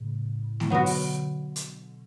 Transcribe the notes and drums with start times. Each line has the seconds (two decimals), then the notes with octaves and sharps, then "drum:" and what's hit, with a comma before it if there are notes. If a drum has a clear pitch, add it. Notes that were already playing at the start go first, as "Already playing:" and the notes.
Already playing: A2 C#3
0.60 E3, drum: snare A3
0.70 B2 D3 F#3 B3 F#4
0.86 drum: open hi-hat
1.56 drum: hi-hat